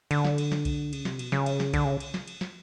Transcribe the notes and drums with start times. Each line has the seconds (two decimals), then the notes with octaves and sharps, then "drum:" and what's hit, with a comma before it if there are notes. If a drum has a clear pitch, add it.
0.11 D3, drum: cymbal
0.25 drum: snare
0.38 drum: cymbal
0.52 drum: snare
0.65 drum: kick B1, cymbal
0.93 C#3, drum: cymbal
1.05 C3, drum: snare
1.19 B2, drum: cymbal
1.32 C#3, drum: snare
1.46 drum: cymbal
1.60 drum: snare
1.74 D3, drum: kick B1, cymbal
1.85 C#3
2.00 drum: cymbal
2.14 drum: snare
2.28 drum: cymbal
2.41 drum: snare